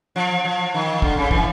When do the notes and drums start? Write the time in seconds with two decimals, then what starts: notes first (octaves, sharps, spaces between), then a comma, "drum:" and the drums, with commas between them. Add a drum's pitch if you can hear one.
0.16 F3
0.45 F3
0.74 D#3
1.02 D3, drum: kick
1.17 C#3
1.31 E3, drum: kick